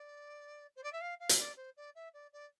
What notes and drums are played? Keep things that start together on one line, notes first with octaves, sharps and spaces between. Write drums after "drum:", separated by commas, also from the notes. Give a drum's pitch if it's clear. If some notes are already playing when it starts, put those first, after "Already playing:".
Already playing: D5
C5
D5
E5
F5
F5
drum: hi-hat
D5
C5
D5
E5
D5
D5